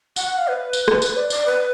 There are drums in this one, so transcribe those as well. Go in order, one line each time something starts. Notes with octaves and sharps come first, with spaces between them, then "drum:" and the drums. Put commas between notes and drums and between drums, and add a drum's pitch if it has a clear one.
F#5, drum: tambourine
F#5
F5
B4
drum: tambourine
drum: rim click
B4, drum: tambourine
D5
D5, drum: tambourine
B4